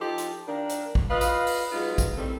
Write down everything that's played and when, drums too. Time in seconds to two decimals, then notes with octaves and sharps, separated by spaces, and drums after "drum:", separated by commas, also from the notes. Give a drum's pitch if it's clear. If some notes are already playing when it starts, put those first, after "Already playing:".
0.01 F3 D#4 G4 A4
0.18 drum: hi-hat
0.47 D#3 A#3 D4
0.70 drum: hi-hat
0.95 drum: kick
1.10 F4 B4 D#5 F5
1.21 drum: hi-hat
1.47 drum: open hi-hat
1.72 F#3 G#3 B3 D#4 F4
1.98 drum: kick, hi-hat
2.18 A2 D#3 G3 C4 A4